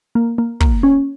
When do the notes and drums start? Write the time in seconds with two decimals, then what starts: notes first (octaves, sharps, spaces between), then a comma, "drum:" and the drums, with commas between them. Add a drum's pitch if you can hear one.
0.15 A#3
0.38 A#3
0.60 A#3, drum: kick
0.83 C#4